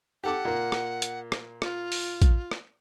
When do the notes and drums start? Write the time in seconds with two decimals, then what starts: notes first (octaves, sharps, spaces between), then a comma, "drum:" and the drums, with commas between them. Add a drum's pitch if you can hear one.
0.24 G4 A4 F#5 D6
0.45 A#2 A#3
0.72 drum: rim click
1.02 drum: hi-hat
1.32 drum: rim click
1.62 F4, drum: rim click
1.92 drum: open hi-hat
2.22 drum: kick A#1, hi-hat
2.51 drum: rim click